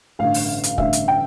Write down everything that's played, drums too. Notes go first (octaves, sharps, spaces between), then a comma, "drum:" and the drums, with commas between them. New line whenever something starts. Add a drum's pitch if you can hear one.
A1 G2 D3 F5
drum: open hi-hat
drum: hi-hat
A1 G2 D3 E5, drum: kick
drum: hi-hat
G5